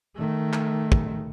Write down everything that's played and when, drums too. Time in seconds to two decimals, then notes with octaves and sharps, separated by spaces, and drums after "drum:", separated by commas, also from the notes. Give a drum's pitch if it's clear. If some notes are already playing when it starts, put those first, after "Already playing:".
0.15 D#3 A3
0.53 drum: clap
0.92 drum: kick